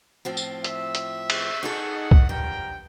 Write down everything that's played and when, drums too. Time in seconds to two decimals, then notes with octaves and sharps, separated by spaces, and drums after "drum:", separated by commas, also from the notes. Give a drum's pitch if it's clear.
0.25 A2 F3 C4
0.37 drum: tambourine
0.64 E5, drum: hi-hat
0.95 drum: hi-hat
1.30 drum: cymbal
1.63 D#4 G#4 A4 D#5 F#5
2.11 drum: kick B1
2.29 G2 F3 A#4 G5